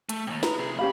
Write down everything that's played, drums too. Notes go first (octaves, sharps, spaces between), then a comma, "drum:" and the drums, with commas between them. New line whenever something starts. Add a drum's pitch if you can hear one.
A3, drum: hi-hat
D#2 C3
G#4 B4 A#5, drum: snare
C3 G#4
E2 C#4 G4 F5 B5